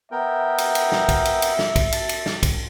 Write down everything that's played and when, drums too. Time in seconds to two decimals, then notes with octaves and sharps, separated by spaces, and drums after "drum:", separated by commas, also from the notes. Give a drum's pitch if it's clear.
0.11 B3 A#4 E5 G5
0.58 drum: cymbal
0.75 drum: cymbal
0.92 drum: snare
1.09 drum: kick, cymbal
1.25 drum: cymbal
1.42 drum: cymbal
1.59 drum: snare
1.76 drum: kick, cymbal
1.92 A5, drum: cymbal
2.09 drum: cymbal
2.26 drum: snare
2.43 drum: kick, cymbal